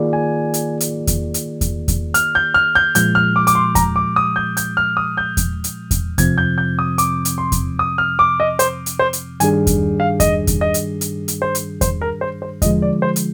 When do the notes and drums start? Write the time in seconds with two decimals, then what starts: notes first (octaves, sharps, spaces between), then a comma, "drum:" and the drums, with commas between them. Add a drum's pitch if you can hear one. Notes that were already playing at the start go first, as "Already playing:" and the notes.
Already playing: D#3 A#3 F4 G#4 D5
0.13 G#5
0.54 drum: hi-hat
0.80 drum: hi-hat
1.07 drum: kick E2, hi-hat
1.34 drum: hi-hat
1.61 drum: kick E2, hi-hat
1.88 drum: kick E2, hi-hat
2.14 F6, drum: hi-hat
2.35 G6
2.54 F6
2.75 G6
2.95 A#2 F3 G#3 G6, drum: hi-hat
3.15 F6
3.36 D6
3.47 D6, drum: hi-hat
3.55 C6
3.75 A#5, drum: kick E2, hi-hat
3.96 D6
4.16 D#6
4.36 G6
4.57 G6, drum: hi-hat
4.77 F6
4.97 D#6
5.17 G6
5.37 drum: kick E2, hi-hat
5.64 drum: hi-hat
5.91 drum: kick E2, hi-hat
6.18 F2 C3 F3 C4 G#6, drum: kick E2, hi-hat
6.38 G6
6.58 G6
6.79 D#6
6.98 D6, drum: hi-hat
7.25 drum: hi-hat
7.38 C6
7.52 drum: kick E2, hi-hat
7.79 D#6
7.98 F6
8.19 D6
8.40 D#5
8.59 C5, drum: hi-hat
8.86 drum: hi-hat
8.99 C5
9.13 drum: hi-hat
9.40 G2 D#3 G3 D4 G#4 G#5, drum: hi-hat
9.67 drum: kick E2, hi-hat
10.00 F5
10.20 D#5, drum: kick E2, hi-hat
10.47 drum: kick E2, hi-hat
10.61 D#5
10.74 drum: hi-hat
11.01 drum: hi-hat
11.28 drum: hi-hat
11.42 C5
11.55 drum: hi-hat
11.81 C5, drum: kick E2, hi-hat
12.01 A#4
12.21 C5
12.42 C5
12.62 D3 F3 G#3 D#5, drum: kick E2, hi-hat
12.82 D5
13.02 C5
13.16 drum: hi-hat